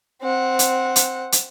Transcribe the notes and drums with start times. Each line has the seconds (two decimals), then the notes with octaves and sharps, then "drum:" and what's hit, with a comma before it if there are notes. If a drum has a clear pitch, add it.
0.22 C4 F#5
0.59 drum: hi-hat
0.96 drum: hi-hat
1.32 drum: hi-hat